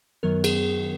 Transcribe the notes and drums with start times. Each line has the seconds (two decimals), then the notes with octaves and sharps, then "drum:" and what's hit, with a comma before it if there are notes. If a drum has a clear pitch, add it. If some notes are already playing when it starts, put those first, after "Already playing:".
0.23 F#2 D#3 F#3 B3 A#4
0.44 G#4, drum: cymbal